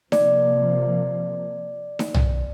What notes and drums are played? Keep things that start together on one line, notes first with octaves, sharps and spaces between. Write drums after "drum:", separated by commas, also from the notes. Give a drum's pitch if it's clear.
C3 F3 A#3 D5, drum: snare D#4
drum: snare D#4
drum: tom